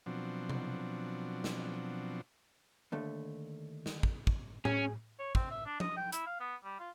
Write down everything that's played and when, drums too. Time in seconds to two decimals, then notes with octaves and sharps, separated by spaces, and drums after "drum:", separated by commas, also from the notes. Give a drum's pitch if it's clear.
0.06 B2 F3 F#3 C4 D4
0.49 drum: tom C3
1.44 drum: snare
2.92 D#2 D3 A3
3.86 drum: snare
4.03 drum: kick
4.27 drum: kick
4.65 C#4 G#4, drum: tom A2
5.19 C#5
5.35 C4, drum: kick
5.51 E5
5.66 D4
5.80 D#5, drum: tom
5.97 G5
6.12 E4, drum: hi-hat
6.26 F5
6.40 B3
6.64 G3
6.80 F4